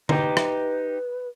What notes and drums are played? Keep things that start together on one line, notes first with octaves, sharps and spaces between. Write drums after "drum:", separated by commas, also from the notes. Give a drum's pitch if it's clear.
D#4 G4 B4, drum: tom D3
drum: rim click